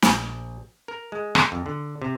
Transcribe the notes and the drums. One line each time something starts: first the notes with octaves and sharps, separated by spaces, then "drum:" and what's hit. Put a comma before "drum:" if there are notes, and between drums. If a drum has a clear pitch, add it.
A#1, drum: snare
A#4
G#3
drum: rim click
F2
D3
C3